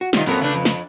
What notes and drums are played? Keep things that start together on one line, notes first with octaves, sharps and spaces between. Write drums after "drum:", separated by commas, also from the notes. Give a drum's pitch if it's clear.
F#4
C3 D#3 G3 D#4 F4, drum: snare
F#2 A#2 B3 C4 A4 A#4, drum: open hi-hat
C#3 A3 D4 B4
F2
drum: snare